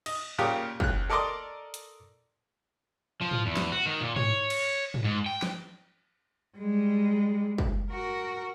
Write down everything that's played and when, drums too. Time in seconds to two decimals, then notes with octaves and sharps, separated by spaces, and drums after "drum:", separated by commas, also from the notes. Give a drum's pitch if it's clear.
0.06 D#5, drum: cymbal
0.38 A#2 C#3 F4 G4 A#4 D#6
0.80 C#2 F#6, drum: kick
1.10 A4 A#4 D5 D#5 C6 D6
1.74 drum: hi-hat
3.21 F3
3.31 drum: tom G#2
3.46 E2
3.57 drum: snare
3.72 F#4
3.86 D#3
4.01 A#2
4.16 C#5, drum: tom G#2
4.50 drum: cymbal
4.94 drum: tom G#2
5.04 G#2
5.26 G5
5.42 drum: snare
6.57 G3 G#3
7.58 drum: kick
7.91 F#4 A#4